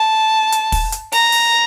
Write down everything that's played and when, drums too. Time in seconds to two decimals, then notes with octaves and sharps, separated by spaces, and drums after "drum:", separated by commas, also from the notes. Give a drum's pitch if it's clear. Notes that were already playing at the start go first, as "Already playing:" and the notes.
Already playing: A5
0.52 drum: hi-hat
0.72 drum: kick, open hi-hat
0.92 drum: hi-hat
1.12 A#5, drum: open hi-hat
1.32 drum: open hi-hat